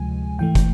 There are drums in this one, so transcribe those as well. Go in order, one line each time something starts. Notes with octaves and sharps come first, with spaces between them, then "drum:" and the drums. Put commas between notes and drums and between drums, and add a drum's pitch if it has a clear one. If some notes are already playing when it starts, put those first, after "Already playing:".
Already playing: D2 C3 F3 G#3 G#5
G#2 E3 A3 G5
drum: kick, hi-hat